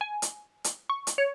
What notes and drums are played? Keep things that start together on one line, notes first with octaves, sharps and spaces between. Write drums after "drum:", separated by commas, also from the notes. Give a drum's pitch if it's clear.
G#5
drum: hi-hat
drum: hi-hat
C#6
drum: hi-hat
C#5